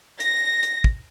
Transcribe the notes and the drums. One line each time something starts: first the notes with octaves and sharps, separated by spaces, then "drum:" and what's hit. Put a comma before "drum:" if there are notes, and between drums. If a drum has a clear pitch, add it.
A#6, drum: hi-hat
drum: hi-hat
drum: kick